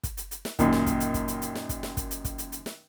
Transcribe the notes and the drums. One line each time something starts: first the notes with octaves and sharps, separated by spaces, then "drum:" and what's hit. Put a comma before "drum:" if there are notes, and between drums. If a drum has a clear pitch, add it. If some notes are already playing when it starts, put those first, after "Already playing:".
drum: kick, hi-hat
drum: hi-hat
drum: hi-hat
drum: snare
F#2 A#2 D#3, drum: kick, hi-hat
drum: snare
drum: kick, hi-hat
drum: hi-hat
drum: kick, hi-hat
drum: hi-hat
drum: hi-hat
drum: snare
drum: kick, hi-hat
drum: snare
drum: kick, hi-hat
drum: hi-hat
drum: kick, hi-hat
drum: hi-hat
drum: hi-hat
drum: snare